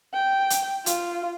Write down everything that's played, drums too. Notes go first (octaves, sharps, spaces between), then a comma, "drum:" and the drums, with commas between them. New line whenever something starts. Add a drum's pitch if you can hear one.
G5
drum: hi-hat
F4, drum: hi-hat